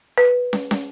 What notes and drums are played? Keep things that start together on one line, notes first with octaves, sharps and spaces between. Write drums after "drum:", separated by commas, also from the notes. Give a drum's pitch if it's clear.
B4
drum: snare
drum: snare